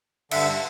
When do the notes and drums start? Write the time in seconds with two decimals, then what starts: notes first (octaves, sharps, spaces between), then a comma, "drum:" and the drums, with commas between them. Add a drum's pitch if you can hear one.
0.31 G2 D3 E5, drum: cymbal